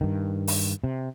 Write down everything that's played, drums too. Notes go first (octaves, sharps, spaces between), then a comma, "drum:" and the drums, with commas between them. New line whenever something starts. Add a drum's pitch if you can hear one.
G2 D#3
drum: open hi-hat
C3